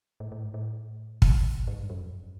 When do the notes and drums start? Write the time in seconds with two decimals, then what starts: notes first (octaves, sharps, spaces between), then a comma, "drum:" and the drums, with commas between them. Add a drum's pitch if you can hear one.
0.20 A2
0.32 A2
0.43 G#2
0.54 A2
1.22 drum: kick
1.46 A#2
1.56 A2
1.67 G#2
1.78 G2
1.90 F#2
2.01 F2
2.12 F#2